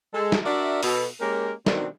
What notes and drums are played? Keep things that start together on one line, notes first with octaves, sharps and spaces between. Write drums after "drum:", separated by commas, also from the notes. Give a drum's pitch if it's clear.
G#3 A4
drum: snare
D4 F#4 A#4 D5 E5
B2 A4, drum: open hi-hat
G#3 A#3 C#4 G4 A#4
B2 D#3 C4 D4 F#4 A#4, drum: snare